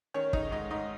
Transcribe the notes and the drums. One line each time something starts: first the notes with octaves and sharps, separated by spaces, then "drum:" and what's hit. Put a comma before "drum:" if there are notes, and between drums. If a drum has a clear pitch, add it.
D#3 C#4 C#5
D#3 D#4 D#5, drum: kick
G#2 D#4 D#5
G#2 D#4 D#5